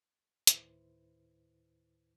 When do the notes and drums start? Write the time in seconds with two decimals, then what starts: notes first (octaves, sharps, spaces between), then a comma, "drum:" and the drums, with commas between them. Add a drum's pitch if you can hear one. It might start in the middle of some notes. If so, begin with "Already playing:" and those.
0.47 D2 A2 D#3 E4 B4 C5, drum: hi-hat